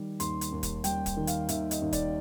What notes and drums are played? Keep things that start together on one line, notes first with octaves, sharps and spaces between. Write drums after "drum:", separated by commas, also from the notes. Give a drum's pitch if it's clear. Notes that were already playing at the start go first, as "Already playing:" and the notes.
Already playing: D#3 G3
D#2 C6, drum: hi-hat
drum: hi-hat
D#2
drum: kick D1, hi-hat
G3 G5, drum: hi-hat
drum: kick D1, hi-hat
D#3
F5, drum: hi-hat
D#2 E5, drum: hi-hat
D#5, drum: hi-hat
D#2
D5, drum: kick D1, hi-hat